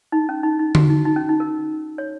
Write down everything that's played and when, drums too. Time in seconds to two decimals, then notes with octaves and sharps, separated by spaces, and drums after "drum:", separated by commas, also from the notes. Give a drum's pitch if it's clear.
0.12 D#4
0.29 C#4
0.43 D#4
0.59 D#4
0.75 F#4, drum: tom D3
0.90 D#4
1.05 D#4
1.16 C#4
1.29 D#4
1.40 A#4
1.98 C#5